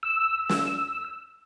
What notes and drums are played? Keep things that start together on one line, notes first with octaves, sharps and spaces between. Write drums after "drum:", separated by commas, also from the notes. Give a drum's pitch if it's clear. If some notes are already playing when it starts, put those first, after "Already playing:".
E6
drum: snare